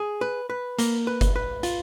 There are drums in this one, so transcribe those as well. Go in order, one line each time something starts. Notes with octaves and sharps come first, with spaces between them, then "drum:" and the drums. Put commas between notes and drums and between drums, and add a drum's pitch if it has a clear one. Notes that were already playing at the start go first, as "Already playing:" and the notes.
Already playing: G#4
B4
B4
A#3, drum: hi-hat
B4
drum: kick F#1, hi-hat
B4
F4, drum: hi-hat